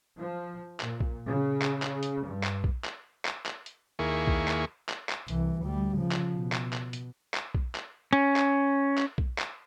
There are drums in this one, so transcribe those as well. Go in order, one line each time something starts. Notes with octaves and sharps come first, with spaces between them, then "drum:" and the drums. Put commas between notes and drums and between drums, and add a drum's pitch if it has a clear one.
F3
A#2, drum: clap
drum: kick A#1
C#3
drum: clap
drum: clap
drum: hi-hat
G2
drum: clap
drum: kick A#1
drum: clap
drum: clap
drum: clap
drum: hi-hat
D#2 A#3 E4 G#4 C#6
drum: kick A#1
drum: clap
drum: clap
drum: clap
C2 E3, drum: hi-hat
D2 G3
C#3 F3
drum: clap
B2
drum: clap
drum: clap
drum: hi-hat
drum: clap
drum: kick A#1
drum: clap
C#4
drum: clap
drum: clap
drum: kick A#1
drum: clap